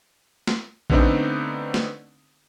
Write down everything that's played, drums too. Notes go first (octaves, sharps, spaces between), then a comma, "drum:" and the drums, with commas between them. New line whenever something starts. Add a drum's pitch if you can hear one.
drum: snare
D3 A3 B3 C4 D4 D#4, drum: kick
drum: snare